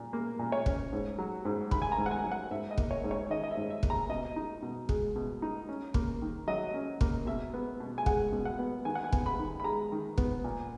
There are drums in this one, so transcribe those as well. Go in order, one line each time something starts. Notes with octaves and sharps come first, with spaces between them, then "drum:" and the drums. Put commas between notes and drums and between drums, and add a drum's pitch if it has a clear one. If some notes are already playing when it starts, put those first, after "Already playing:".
Already playing: A#2
A#3
A#2
C#5
C#4, drum: kick
G#2
F#3
G#2
D#3 B5, drum: kick
G#5
A#5
G#2
F#5
G#5
F#3
F#5
G#2 E5
D#5
A#3, drum: kick
C#5
G#2
C#5
D#3 D#5
D#5
E5
G#2
E5
A#3, drum: kick
A#5
B2 D#5
D#4
B2
G#3, drum: kick
B2
D#4
C#4
A#3, drum: kick
D#3
F#3 D#5
C#4
A#3, drum: kick
B2 E5
B3
B2
G#5
G#3 F#5, drum: kick
B2
F#5
B3
D#3 G#5
F#5
G#5
B3, drum: kick
B5
D#3
B5
G#3 A#5
D#3
B3, drum: kick
A#2